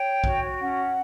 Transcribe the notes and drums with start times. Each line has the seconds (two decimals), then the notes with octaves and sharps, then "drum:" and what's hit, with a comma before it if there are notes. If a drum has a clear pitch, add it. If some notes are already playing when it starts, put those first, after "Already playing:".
Already playing: C#5 G5
0.24 F#4, drum: kick A#1
0.60 C#4 F#5